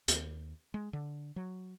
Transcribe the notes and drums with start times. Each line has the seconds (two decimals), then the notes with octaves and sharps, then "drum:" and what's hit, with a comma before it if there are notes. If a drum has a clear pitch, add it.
0.08 D#2, drum: hi-hat
0.74 G#3
0.93 D3
1.36 F#3